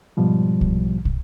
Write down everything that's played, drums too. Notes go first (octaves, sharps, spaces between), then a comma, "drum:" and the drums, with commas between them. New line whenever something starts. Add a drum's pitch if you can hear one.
G#2 B2 F3 G3
drum: kick
drum: kick